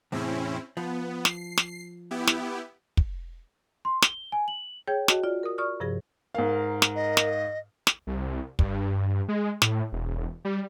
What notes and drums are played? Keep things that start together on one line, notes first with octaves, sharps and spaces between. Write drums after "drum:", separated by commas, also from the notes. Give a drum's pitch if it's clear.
E2 A2 C3 C4 C#4 E4
F3 B3
C7, drum: snare
drum: snare
B3 E4 G4
drum: snare
drum: kick
C6
G7, drum: snare
G#5
F#7
G#4 C#5 G5 G6
F#4 D#5 A5, drum: snare
F4 D5
A#4 D#6
D5 C#6 D#6 F6
G2 C3 F3 G#4 A#6
G#2 A#4 F5
drum: snare
D#5
drum: snare
drum: snare
C2
G2, drum: kick
G#3
A2, drum: snare
E1
G3